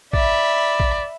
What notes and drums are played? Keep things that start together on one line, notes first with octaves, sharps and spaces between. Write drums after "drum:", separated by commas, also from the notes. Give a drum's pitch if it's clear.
D5 E5 B5, drum: kick
drum: kick